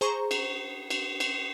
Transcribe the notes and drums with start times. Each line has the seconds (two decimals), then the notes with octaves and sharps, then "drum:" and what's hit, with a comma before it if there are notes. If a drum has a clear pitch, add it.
0.01 G#4 C5 A#5 C#6
0.31 drum: cymbal
0.90 drum: cymbal
1.20 drum: cymbal